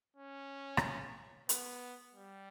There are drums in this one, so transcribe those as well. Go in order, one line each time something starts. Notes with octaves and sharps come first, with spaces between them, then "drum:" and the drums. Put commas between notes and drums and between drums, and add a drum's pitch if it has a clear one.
C#4
drum: rim click
B3, drum: hi-hat
G3